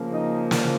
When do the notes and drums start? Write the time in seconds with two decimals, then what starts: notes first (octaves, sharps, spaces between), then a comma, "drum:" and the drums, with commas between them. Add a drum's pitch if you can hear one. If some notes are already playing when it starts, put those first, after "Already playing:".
Already playing: C#3 F3 A#3
0.11 D#4
0.51 drum: snare